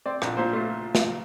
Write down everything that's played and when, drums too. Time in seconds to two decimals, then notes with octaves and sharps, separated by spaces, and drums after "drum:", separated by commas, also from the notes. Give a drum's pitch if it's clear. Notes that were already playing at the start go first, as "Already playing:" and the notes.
0.06 C4 D5
0.22 A#1, drum: rim click
0.37 A#2 C5
0.53 A3 F4
0.95 drum: snare